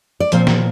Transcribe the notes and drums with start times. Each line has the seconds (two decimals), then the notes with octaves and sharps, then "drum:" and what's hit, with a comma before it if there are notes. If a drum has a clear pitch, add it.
0.20 D5
0.32 A#2 F3 A#3 C4 C5, drum: hi-hat
0.47 drum: snare